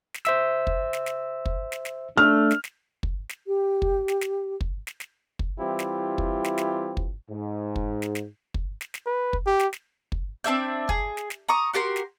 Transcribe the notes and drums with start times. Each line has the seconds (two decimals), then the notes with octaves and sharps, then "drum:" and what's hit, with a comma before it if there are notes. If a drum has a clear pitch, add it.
0.14 drum: snare
0.25 C5 E5 E6, drum: snare
0.67 drum: kick
0.93 drum: snare
1.06 drum: snare
1.46 drum: kick
1.72 drum: snare
1.85 drum: snare
2.17 A3 D4 F6
2.51 drum: snare
2.64 drum: snare
3.03 drum: kick
3.29 drum: snare
3.47 G4
3.82 drum: kick
4.08 drum: snare
4.21 drum: snare
4.61 drum: kick
4.87 drum: snare
5.00 drum: snare
5.39 drum: kick
5.59 E3 G3 C4 E4 F4 G4
5.79 drum: snare
6.18 drum: kick
6.44 drum: snare
6.58 drum: snare
6.97 drum: kick
7.30 G#2
7.76 drum: kick
8.02 drum: snare
8.15 drum: snare
8.54 drum: kick
8.81 drum: snare
8.94 drum: snare
9.06 B4
9.33 drum: kick
9.46 G4
9.59 drum: snare
9.73 drum: snare
10.12 drum: kick
10.44 C4 D4 E5 G6
10.89 G#4, drum: kick
11.17 drum: snare
11.30 drum: snare
11.49 A#5 C#6 D#6
11.73 F#4 G4 A#4 C6
11.96 drum: snare